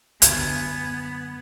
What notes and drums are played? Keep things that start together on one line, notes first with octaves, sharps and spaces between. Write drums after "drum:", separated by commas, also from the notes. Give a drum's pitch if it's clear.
F#2 D3 B3 G#5, drum: hi-hat